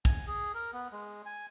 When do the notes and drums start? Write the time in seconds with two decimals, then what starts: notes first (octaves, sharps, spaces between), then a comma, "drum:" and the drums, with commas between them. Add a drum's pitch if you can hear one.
0.05 G#5, drum: kick, cymbal
0.27 G#4
0.54 A#4
0.73 B3
0.92 G#3
1.26 G#5